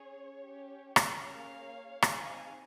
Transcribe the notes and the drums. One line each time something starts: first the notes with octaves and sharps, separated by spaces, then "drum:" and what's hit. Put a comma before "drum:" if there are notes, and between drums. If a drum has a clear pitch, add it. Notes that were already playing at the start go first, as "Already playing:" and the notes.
Already playing: C#4 G#4 C#5
C#4 G4
drum: rim click
A#3 C#4 G#4 C#5 F5
C4 D#4 G#4 F5 G#5, drum: rim click